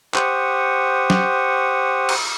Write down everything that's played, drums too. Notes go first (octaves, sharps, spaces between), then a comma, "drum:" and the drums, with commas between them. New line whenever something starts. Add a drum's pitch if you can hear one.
G4 C5 F#5 C#6 D#6, drum: clap
drum: snare F#3
drum: cymbal